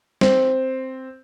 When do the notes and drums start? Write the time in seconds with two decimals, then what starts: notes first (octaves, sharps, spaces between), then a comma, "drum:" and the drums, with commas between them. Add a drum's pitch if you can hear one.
0.21 C4, drum: snare